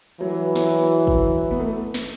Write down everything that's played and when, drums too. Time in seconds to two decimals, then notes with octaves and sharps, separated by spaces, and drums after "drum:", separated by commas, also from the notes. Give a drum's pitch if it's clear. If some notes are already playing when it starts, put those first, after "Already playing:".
0.20 E3 F#3
0.56 F#3, drum: snare
1.07 drum: kick
1.51 B3
1.60 A3
1.94 drum: snare